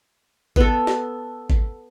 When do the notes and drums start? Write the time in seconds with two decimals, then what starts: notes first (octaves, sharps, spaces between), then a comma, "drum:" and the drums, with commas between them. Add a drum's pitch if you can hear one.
0.56 B3 A4, drum: kick G#1
0.87 drum: snare
1.50 drum: kick G#1